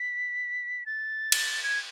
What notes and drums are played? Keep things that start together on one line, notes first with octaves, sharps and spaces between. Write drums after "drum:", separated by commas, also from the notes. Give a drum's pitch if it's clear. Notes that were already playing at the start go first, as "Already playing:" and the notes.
Already playing: B6
A6
drum: cymbal
G#6